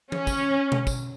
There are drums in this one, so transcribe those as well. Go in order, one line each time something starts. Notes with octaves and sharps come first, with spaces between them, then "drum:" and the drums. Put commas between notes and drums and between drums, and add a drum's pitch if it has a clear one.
C#4, drum: tom E3
drum: kick, tambourine
drum: tom B2
drum: kick, tambourine